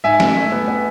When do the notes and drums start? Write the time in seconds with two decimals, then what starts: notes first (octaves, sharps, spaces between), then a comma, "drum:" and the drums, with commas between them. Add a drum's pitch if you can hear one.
0.04 G#2 E5 G#5
0.20 A3, drum: snare
0.37 A3
0.52 B3
0.68 B3